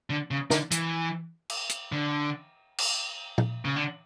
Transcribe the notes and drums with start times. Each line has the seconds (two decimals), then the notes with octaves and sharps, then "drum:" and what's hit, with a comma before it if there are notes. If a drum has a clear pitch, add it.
0.10 D3
0.31 C#3
0.51 D3, drum: snare
0.71 E3, drum: hi-hat
1.50 drum: cymbal
1.69 drum: hi-hat
1.92 D3
2.78 drum: cymbal
3.38 drum: tom
3.65 C#3
3.76 D3